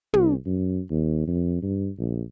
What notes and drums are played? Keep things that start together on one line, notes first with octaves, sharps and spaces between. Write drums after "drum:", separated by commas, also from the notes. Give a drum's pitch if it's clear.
C2, drum: tom
F#2
D#2
F2
G2
A#1